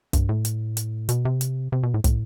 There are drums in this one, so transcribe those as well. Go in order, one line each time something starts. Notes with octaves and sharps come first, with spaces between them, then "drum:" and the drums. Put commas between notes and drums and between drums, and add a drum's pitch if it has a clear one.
G2, drum: kick, hi-hat
A2
drum: hi-hat
drum: hi-hat
B2, drum: hi-hat
C3
drum: hi-hat
C3
B2
A2
A2, drum: kick, hi-hat